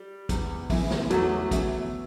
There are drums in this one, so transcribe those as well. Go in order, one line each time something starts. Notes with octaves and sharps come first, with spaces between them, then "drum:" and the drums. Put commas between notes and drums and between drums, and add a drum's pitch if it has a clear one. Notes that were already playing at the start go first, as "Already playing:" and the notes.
Already playing: G3
E2, drum: kick, hi-hat
C#3 E3 B3 E4, drum: kick, open hi-hat
drum: snare
E2 F#3 A3, drum: hi-hat
C#3 E3 B3 E4, drum: kick, hi-hat